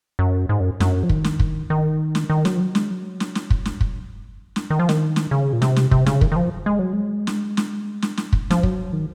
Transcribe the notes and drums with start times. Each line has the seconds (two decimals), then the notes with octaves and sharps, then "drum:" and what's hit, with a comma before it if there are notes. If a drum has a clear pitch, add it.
0.19 F#2
0.49 G#2
0.60 F#2
0.80 F#2, drum: snare
1.03 F3
1.09 D#3, drum: kick
1.24 drum: snare
1.39 drum: kick
1.70 D#3
2.15 drum: snare
2.30 D#3
2.45 F#3, drum: snare
2.55 F3
2.60 F#3
2.75 G#3, drum: snare
2.91 F#3
3.20 drum: snare
3.35 drum: snare
3.50 drum: kick
3.65 drum: snare
3.81 drum: kick
4.56 drum: snare
4.70 D#3
4.79 F3
4.89 D#3, drum: snare
5.16 drum: snare
5.31 C#3
5.53 A#2
5.62 C3, drum: snare
5.76 drum: snare
5.91 C3, drum: kick
6.06 C#3, drum: snare
6.21 D#3, drum: kick
6.32 D#3
6.36 F3
6.66 G#3
6.79 F#3
6.93 G#3
7.27 drum: snare
7.57 drum: snare
8.02 drum: snare
8.17 drum: snare
8.33 drum: kick
8.50 F3, drum: snare
8.63 F#3, drum: kick
8.93 D#3